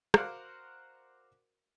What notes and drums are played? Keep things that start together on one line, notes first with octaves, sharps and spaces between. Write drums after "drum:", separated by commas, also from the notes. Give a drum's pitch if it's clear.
F#4 A#4 C5 D5 F5 F#5, drum: rim click